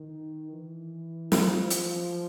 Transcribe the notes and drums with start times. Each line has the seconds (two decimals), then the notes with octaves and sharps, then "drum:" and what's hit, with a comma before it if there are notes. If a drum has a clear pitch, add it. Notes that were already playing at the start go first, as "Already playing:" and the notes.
Already playing: D#3
0.52 E3
1.32 F3, drum: snare
1.70 drum: hi-hat